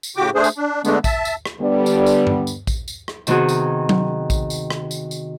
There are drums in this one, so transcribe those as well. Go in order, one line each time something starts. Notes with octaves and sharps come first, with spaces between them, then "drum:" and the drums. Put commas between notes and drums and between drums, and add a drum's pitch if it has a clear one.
drum: tambourine
A2 C#3 F#4 G4 G5 D6
A3 D4 G#4 C5
drum: tambourine
D4
D3 G#3 A3 B3 D4, drum: tambourine
E5 A5, drum: kick A#1, tambourine
drum: tambourine
drum: rim click
D3 G3 B3
drum: tambourine
drum: tambourine
drum: tom G2
drum: tambourine
drum: kick A#1, tambourine
drum: tambourine
drum: rim click
C3 D#3 B3 C4 F#4 G#4, drum: tambourine
drum: tambourine
drum: tom F#3
drum: kick A#1, tambourine
drum: tambourine
drum: rim click
drum: tambourine
drum: tambourine